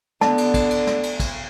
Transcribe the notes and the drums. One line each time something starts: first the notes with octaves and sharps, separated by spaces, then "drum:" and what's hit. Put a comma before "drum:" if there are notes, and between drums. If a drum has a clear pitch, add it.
D3 B3 A5, drum: snare
drum: cymbal
drum: kick, cymbal
drum: cymbal
drum: snare
drum: cymbal
drum: kick, cymbal